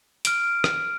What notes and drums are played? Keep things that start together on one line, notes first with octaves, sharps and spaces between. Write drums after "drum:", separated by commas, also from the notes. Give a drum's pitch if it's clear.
F6 D7, drum: hi-hat
drum: rim click